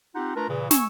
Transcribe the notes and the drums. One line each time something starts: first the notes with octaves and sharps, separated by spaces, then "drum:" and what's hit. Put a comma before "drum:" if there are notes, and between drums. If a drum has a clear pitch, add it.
C4 D#4 F4 G4 F#5
A3 D4 F4 A#4 B4 A#5
A#2 C#3 E3
G#5 C#6 E6, drum: snare